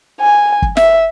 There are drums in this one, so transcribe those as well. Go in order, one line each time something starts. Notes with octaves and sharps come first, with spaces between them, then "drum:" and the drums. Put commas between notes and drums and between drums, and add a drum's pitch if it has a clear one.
G#5
drum: kick F#1
E5, drum: snare